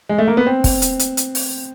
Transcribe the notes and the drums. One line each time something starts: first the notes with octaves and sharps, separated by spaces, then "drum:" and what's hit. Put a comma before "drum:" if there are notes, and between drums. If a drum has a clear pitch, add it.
G#3
A3
A#3
B3
C4
drum: kick, open hi-hat
drum: hi-hat
drum: hi-hat
drum: hi-hat
drum: open hi-hat